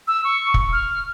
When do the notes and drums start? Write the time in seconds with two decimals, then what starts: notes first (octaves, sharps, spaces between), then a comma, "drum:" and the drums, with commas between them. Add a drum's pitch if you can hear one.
0.08 E6
0.24 C#6
0.54 drum: kick
0.73 F6